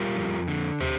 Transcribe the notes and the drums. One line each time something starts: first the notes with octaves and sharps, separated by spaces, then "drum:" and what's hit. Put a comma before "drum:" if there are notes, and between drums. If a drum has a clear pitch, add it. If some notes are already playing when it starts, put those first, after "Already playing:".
Already playing: G3 F4 A#4
F2
D3
G4 C5, drum: tom